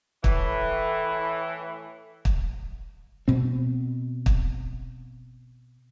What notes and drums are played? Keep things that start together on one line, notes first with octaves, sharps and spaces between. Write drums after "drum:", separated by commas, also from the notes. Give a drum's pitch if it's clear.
A2 E3, drum: kick
drum: kick
B2 C4
drum: kick